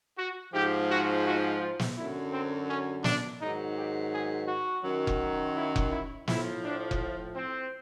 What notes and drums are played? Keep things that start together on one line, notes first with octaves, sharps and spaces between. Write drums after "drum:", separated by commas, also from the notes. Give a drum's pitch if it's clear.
F#4
G#2 F3 G4
F#4
F#4
F4
drum: snare
F#2 D3 F#3 E4
C4
C#4
D4, drum: snare
G#2 D#3 F#3 D#4
G4
G#4
F#4
F#2 D#3 F#3
drum: kick F1
E4
drum: kick F1
E4
A2 F3 E4, drum: snare
D4
drum: kick F1
C4